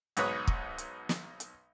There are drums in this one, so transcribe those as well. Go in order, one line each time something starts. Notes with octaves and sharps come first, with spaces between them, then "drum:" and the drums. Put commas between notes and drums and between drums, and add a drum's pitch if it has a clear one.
B1 G#2 B4 C#5 D#6, drum: hi-hat
drum: kick
drum: hi-hat
drum: snare
drum: hi-hat